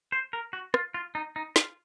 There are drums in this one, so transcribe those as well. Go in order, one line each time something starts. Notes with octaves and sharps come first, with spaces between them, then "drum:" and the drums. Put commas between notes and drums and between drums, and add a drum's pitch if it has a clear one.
C5
A#4
F#4
F4, drum: rim click
F4
D#4
D#4
F4, drum: snare